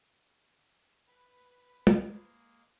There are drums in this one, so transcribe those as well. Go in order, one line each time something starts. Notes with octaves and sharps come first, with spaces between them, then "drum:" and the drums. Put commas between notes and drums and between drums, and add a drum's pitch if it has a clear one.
B4
G#3 A#3, drum: tom